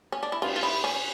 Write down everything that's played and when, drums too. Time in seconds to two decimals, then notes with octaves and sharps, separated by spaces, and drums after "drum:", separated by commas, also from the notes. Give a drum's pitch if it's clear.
0.12 C#4
0.23 D4
0.32 E4
0.42 F4, drum: cymbal
0.56 F4
0.63 E4
0.84 C#4